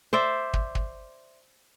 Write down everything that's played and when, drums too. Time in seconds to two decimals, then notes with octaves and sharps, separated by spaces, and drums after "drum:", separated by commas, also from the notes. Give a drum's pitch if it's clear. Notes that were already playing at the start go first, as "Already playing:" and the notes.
0.13 C5 D5 E5
0.54 drum: kick
0.75 drum: kick